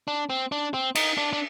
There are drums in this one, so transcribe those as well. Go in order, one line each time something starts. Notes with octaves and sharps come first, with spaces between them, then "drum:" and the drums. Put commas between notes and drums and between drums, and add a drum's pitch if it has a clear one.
D4
C4
D4
C4
D#4, drum: cymbal
D4
D4